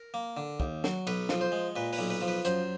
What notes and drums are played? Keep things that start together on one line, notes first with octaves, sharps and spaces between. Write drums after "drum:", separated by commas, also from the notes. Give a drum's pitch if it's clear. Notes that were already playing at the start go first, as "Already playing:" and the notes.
Already playing: A#4
A#3
D3
D#2, drum: kick
F#3, drum: snare
B1 B4, drum: cymbal
F3, drum: snare
C5
G#3
A#2 B4
B4, drum: open hi-hat
B1
B4
F3
B4
F#2 C5, drum: hi-hat